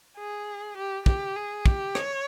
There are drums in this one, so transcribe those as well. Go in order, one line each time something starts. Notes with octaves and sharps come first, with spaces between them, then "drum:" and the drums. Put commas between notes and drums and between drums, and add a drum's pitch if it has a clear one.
G#4
G4
G4, drum: kick
G#4
G4, drum: kick
C#5, drum: rim click